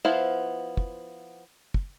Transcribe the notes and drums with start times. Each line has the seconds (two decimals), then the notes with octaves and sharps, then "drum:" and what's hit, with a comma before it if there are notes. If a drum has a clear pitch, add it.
0.05 F3 B3 E4 C5 F5
0.77 drum: kick
1.74 drum: kick